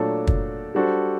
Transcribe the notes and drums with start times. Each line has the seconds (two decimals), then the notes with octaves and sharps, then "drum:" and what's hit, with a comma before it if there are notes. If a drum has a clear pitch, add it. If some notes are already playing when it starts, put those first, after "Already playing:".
Already playing: A#2 F#3 A3 D4 A4
0.27 drum: kick
0.75 G3 D4 F#4 A4 C5